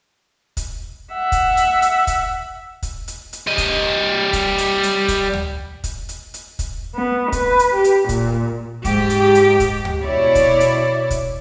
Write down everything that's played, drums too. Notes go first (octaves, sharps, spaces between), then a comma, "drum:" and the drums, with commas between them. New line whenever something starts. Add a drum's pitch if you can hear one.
drum: kick, hi-hat
E5 F#5
drum: kick, hi-hat
drum: hi-hat
drum: hi-hat
drum: kick, hi-hat
drum: kick, hi-hat
drum: hi-hat
drum: hi-hat
G3 D#5
drum: kick, hi-hat
drum: kick, hi-hat
drum: hi-hat
drum: hi-hat
drum: kick, hi-hat
drum: tom D2
drum: kick, hi-hat
drum: hi-hat
drum: hi-hat
drum: kick, hi-hat
B3
B4, drum: kick, hi-hat
drum: hi-hat
G4
drum: hi-hat
A#2, drum: kick, hi-hat
G#2 G4, drum: kick, hi-hat
drum: hi-hat
drum: hi-hat
drum: kick, hi-hat
drum: tom D2
B2 E4 C#5 D5
drum: kick, hi-hat
drum: hi-hat
drum: kick, hi-hat